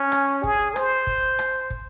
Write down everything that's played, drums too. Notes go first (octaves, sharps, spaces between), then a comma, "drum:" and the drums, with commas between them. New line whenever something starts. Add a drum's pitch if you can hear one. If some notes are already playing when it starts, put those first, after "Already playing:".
Already playing: C#4
drum: rim click
G#4, drum: kick
C5, drum: rim click
drum: kick
drum: rim click
drum: kick